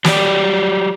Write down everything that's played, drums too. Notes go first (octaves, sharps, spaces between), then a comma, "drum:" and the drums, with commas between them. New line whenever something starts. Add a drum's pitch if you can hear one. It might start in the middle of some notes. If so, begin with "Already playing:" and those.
F#3 G4 D5, drum: snare